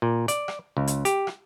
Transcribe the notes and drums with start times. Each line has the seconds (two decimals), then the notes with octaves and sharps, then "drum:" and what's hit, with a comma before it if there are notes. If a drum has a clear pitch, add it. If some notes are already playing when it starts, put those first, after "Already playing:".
0.02 A#2
0.28 D5, drum: hi-hat
0.48 drum: rim click
0.77 C#2
0.87 drum: hi-hat
1.05 G4, drum: hi-hat
1.27 drum: rim click